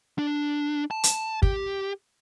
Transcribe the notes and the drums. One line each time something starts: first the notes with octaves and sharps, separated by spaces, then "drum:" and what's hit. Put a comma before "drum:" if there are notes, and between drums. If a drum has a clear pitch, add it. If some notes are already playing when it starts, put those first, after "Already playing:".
D4
A5
drum: hi-hat
G4, drum: kick